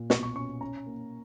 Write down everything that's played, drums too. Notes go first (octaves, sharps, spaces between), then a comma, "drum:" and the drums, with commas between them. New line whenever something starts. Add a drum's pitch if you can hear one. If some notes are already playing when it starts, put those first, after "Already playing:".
Already playing: A#2
B2 C#6, drum: snare
C#6
C#4 C#6
C#4 A#5
A#3